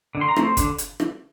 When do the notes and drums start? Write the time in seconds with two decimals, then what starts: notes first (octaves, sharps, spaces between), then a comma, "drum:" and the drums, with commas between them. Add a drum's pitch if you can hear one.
0.15 D3
0.21 C6
0.29 A#5
0.36 A3 C4, drum: rim click
0.42 C5
0.57 D3, drum: kick, hi-hat
0.78 drum: hi-hat
1.00 drum: rim click